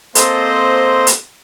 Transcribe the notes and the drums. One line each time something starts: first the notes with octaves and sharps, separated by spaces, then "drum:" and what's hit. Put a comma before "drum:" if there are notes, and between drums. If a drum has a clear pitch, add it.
A#3 C4 A4 C5 D#5 C6, drum: hi-hat
drum: hi-hat